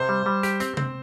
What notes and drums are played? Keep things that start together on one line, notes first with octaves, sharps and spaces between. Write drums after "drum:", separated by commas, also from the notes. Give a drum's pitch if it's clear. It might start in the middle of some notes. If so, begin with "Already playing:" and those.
Already playing: C3 C5
G3
G3
G4, drum: hi-hat
C4, drum: hi-hat
C4, drum: tom C3